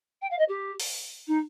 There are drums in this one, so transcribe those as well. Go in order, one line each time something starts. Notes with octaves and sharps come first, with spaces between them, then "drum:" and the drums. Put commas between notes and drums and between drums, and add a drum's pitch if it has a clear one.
G5
F5
D#5
G4
drum: open hi-hat
D#4